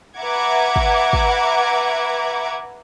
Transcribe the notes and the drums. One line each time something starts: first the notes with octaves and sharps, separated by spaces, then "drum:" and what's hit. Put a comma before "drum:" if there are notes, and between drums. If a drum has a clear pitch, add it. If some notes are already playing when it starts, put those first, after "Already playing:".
B4 E5 F#5 A#5 D6 G#6
drum: kick
drum: kick